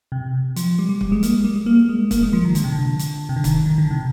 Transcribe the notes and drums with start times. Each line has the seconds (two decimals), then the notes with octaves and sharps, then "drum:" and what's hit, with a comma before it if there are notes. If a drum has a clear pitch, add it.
0.12 C3
0.56 F3, drum: hi-hat
0.79 G3
0.89 G3
1.01 G3, drum: kick
1.12 G#3
1.23 A#3, drum: hi-hat
1.34 G#3
1.45 G3
1.56 G#3
1.66 A#3
1.89 G#3
2.11 A#3, drum: kick, hi-hat
2.23 G#3
2.33 F3
2.45 D#3
2.55 D3, drum: hi-hat
2.64 C3
2.72 D3
2.99 drum: hi-hat
3.29 C3
3.36 D3
3.44 D#3, drum: kick, hi-hat
3.66 D#3
3.78 D3
3.91 C3